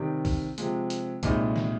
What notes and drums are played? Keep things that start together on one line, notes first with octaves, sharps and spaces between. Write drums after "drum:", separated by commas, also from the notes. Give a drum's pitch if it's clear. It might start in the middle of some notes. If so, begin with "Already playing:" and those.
Already playing: C3 D#3 G3
drum: kick B1, open hi-hat
C3 F3 G#3, drum: hi-hat
drum: hi-hat
C2 A#2 F3 G#3 D#4, drum: kick B1, hi-hat
drum: snare